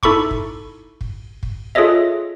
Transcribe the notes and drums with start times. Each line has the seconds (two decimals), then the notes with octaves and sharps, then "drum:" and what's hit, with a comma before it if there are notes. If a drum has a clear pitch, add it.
0.03 D#4 E4 A4 B5 C#6 D6, drum: kick
0.31 drum: kick
1.01 drum: kick
1.43 drum: kick
1.75 F4 G#4 A4 C#5 D#5 E5